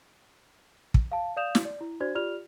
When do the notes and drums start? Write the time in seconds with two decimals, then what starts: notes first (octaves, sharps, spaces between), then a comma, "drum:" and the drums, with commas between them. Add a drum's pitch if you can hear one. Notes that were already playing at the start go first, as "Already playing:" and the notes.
0.94 drum: kick
1.12 F5 A5
1.37 D5 F5 D#6 G6 E7 F7
1.55 drum: snare
1.65 D5
1.81 E4
2.00 D4 F#4 C5 D5 G#6
2.15 F4 G4 D5 F6 F7